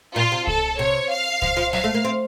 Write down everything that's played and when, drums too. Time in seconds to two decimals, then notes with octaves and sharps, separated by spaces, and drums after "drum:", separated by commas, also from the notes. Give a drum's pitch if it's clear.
0.16 A#2 F4
0.32 C3
0.47 A4, drum: kick C2
0.79 C3 C#5
1.10 F5
1.42 F3, drum: kick C2
1.57 F3
1.73 F#3 F5
1.84 A3
1.94 A#3
2.04 C4